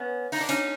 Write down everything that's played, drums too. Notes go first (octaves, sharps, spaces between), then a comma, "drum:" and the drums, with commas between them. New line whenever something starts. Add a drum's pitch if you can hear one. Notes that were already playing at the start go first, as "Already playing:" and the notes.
Already playing: B3 C#4
D#4, drum: open hi-hat
D4
C#4 D#4, drum: hi-hat